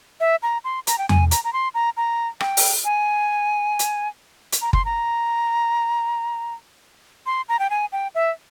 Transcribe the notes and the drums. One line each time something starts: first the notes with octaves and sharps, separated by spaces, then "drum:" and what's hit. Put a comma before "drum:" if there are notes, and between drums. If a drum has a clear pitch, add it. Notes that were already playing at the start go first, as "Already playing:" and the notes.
E5
A#5
C6
A#5, drum: hi-hat
G5
G#5, drum: tom E2
A#5, drum: hi-hat
A#5
C6
A#5
A#5
G5, drum: rim click
drum: open hi-hat
G#5
drum: hi-hat
drum: hi-hat
A#5
C6, drum: kick
A#5
C6
A#5
G5
G#5
G5
E5